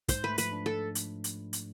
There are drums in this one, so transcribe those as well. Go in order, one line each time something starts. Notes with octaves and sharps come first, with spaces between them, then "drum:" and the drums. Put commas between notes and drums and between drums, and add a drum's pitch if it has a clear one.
G#2 C5, drum: kick, hi-hat
A3 B4
F3 B4, drum: hi-hat
D4
A4
drum: hi-hat
drum: hi-hat
drum: hi-hat